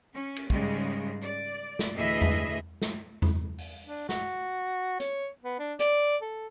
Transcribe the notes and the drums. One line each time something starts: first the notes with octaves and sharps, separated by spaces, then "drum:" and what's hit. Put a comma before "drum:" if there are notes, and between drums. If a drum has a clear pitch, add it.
C#4
drum: cymbal
G#2 C#3 G3 G#3, drum: kick
D5
drum: snare
D2 A2 E3 G#4 D#5 E5
drum: tom E2
drum: snare
drum: tom E2
drum: open hi-hat
D4
F#4, drum: snare
C#5, drum: hi-hat
B3
D4
D5, drum: hi-hat
A4